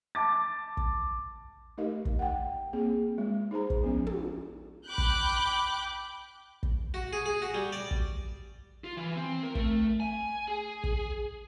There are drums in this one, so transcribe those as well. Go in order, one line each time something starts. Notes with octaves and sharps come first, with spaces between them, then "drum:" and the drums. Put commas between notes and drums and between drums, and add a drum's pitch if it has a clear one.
A5 D6 A6
drum: kick
A3 D#4 G4 A#4 D#5 F5
drum: kick
F#5 G5
A#3 C4 G#4
G#3
D#4 G#4 C5 A#5
drum: kick
F3 B3 C#4 D4
drum: tom
G5 B5 D6 F#6 G6
drum: kick
drum: kick
F#4
G#4
G#4
F#4
G3
D5
drum: kick
F4
E3
C4
A#4
A3, drum: kick
G#5
G#4
drum: kick